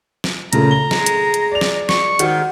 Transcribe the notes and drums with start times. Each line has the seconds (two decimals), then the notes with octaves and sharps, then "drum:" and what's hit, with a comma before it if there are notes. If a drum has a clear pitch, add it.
0.24 drum: snare
0.53 A#2 C#3 A3 A#5, drum: hi-hat
0.71 G7
0.91 G#3, drum: snare
1.06 drum: hi-hat
1.34 drum: hi-hat
1.51 D5 F7
1.61 drum: snare
1.89 C#6, drum: snare
2.19 G#2 D#3 F#4, drum: hi-hat